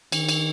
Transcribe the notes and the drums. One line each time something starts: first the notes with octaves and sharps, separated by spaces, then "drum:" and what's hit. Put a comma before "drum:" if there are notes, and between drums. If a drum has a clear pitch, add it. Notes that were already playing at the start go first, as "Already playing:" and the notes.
D#3, drum: cymbal
drum: cymbal